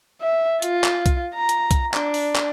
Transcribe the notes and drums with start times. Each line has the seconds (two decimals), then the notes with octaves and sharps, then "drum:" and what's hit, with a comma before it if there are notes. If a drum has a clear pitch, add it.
0.21 E5
0.62 F4, drum: hi-hat
0.84 drum: clap
1.06 drum: kick B1, hi-hat
1.35 A#5
1.49 drum: hi-hat
1.71 drum: kick B1, hi-hat
1.94 D4, drum: clap
2.14 drum: open hi-hat
2.36 drum: clap